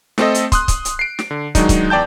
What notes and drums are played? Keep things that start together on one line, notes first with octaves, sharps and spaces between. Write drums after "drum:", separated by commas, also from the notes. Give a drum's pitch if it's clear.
A3 C4 A4 D#5, drum: snare
drum: hi-hat
C6 D#6 F#6, drum: kick, hi-hat
drum: kick, hi-hat
drum: hi-hat
C7 D7
drum: snare
D3
D#3 F#3 G#3 D4 D#4, drum: kick, hi-hat
drum: kick, hi-hat
E2 D5 G5 A5 G6